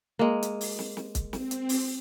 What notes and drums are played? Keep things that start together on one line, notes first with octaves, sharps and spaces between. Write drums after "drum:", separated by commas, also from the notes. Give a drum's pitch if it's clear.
G#3 A#3
drum: hi-hat
drum: open hi-hat
drum: snare
drum: snare
drum: kick, hi-hat
C4, drum: snare
drum: hi-hat
drum: open hi-hat